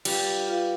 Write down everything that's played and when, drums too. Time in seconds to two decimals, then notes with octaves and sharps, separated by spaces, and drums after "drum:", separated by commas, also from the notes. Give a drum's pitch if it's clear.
0.05 G3 F4 B4 F5, drum: cymbal
0.48 F4 B4 F5